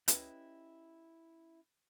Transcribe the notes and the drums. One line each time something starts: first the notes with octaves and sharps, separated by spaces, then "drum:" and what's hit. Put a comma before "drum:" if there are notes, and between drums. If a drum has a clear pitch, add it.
C#4 E4 G4 B4 D#5, drum: hi-hat